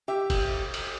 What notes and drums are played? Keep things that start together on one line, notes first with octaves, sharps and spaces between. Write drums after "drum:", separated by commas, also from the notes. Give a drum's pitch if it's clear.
G4 E5
drum: kick, cymbal
drum: cymbal